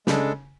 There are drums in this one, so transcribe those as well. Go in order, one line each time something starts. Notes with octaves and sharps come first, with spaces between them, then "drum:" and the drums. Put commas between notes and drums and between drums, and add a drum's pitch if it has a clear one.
C#3 G#3 D4 A4, drum: snare